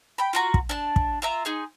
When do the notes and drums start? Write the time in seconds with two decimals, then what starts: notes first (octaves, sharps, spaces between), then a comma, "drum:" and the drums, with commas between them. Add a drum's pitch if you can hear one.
0.18 G5 B5
0.33 F4 F#4 A#5
0.54 drum: kick
0.69 D4 A5
0.96 drum: kick
1.22 F4 E5 A#5
1.45 D#4 G#4 C6